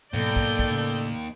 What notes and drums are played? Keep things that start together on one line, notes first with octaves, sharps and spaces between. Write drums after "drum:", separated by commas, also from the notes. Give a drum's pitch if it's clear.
D#2 G#2 B2 F#3 A4 D5 G6
drum: kick
drum: kick
A2 C#3